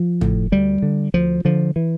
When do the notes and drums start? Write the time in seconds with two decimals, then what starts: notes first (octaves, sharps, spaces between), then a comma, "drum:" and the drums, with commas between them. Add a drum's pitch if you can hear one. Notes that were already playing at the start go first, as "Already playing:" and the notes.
Already playing: F3
0.21 A2, drum: tom
0.52 D2 G3
0.82 D3
1.14 D2 F3
1.45 D3 F3
1.76 E3